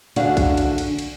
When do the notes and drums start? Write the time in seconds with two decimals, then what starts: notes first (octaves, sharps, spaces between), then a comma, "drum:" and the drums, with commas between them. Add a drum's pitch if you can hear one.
0.16 D2 D3 D4 F#4 G#4 F5, drum: cymbal
0.37 drum: kick, cymbal
0.57 drum: cymbal
0.78 drum: cymbal
0.99 drum: cymbal